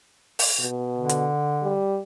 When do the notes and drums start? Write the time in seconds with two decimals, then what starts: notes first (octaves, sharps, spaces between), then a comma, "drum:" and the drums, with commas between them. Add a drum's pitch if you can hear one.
0.39 drum: open hi-hat
0.59 B2
0.97 D3
1.09 drum: hi-hat
1.62 G3